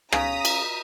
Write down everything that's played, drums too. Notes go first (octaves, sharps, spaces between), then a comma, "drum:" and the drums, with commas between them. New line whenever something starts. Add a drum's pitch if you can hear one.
C#3 A#5 D#6 B6, drum: rim click
drum: cymbal